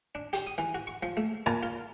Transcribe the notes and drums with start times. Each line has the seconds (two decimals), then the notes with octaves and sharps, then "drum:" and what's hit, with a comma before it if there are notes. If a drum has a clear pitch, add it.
0.15 D4
0.33 G4, drum: hi-hat
0.47 D#6
0.58 E3
0.75 F#4
0.87 C#6
1.03 F3
1.17 A3
1.46 A#2, drum: rim click
1.63 F4